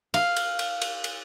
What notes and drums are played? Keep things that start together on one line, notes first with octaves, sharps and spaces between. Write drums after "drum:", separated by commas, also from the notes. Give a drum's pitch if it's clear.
F5, drum: cymbal
drum: cymbal
drum: cymbal
drum: cymbal
drum: cymbal